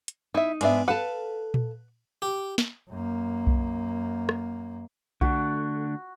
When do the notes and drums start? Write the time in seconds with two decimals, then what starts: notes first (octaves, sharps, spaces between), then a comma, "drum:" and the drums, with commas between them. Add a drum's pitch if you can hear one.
0.08 drum: hi-hat
0.34 D#4 E4 E5
0.61 G#2 G#3 B3 D4 E5, drum: cymbal
0.88 A4 B4 F5 F#5 A5
1.54 drum: tom A#2
2.22 G4
2.58 drum: snare
2.90 F#2 A#3
3.47 drum: kick B1
4.29 drum: rim click
5.21 D3 A3 D4 F#4, drum: kick B1